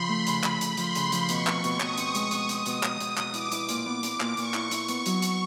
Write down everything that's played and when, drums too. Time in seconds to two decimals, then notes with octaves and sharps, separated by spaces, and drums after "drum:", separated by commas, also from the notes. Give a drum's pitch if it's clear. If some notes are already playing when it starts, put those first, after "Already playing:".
Already playing: C#3 F3 B5 C6
0.09 A3
0.27 C#3, drum: hi-hat
0.44 C#3, drum: clap
0.61 C#3, drum: hi-hat
0.77 F3 C6, drum: hi-hat
0.95 C#3, drum: hi-hat
1.12 F3, drum: hi-hat
1.29 B2 C#6, drum: hi-hat
1.47 C4, drum: clap
1.64 B2, drum: hi-hat
1.80 B2 D#6, drum: clap
1.97 C4, drum: hi-hat
2.15 G#3, drum: hi-hat
2.31 B2, drum: hi-hat
2.49 C4, drum: hi-hat
2.66 B2, drum: hi-hat
2.83 B2, drum: clap
3.00 B2, drum: hi-hat
3.17 B2, drum: clap
3.34 E4 D6, drum: hi-hat
3.52 E4, drum: hi-hat
3.69 A#2, drum: hi-hat
3.86 B3
4.03 B3, drum: hi-hat
4.20 A#2, drum: clap
4.37 A#2 C#6, drum: hi-hat
4.54 E4, drum: clap
4.71 E4, drum: hi-hat
4.88 B3, drum: hi-hat
5.06 F#3, drum: hi-hat
5.22 E4, drum: hi-hat